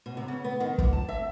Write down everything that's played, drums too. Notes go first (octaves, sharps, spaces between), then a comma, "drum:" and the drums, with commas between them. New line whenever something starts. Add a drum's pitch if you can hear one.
B2
C3
C#3
B3
D#3
A#2, drum: kick
A5
E5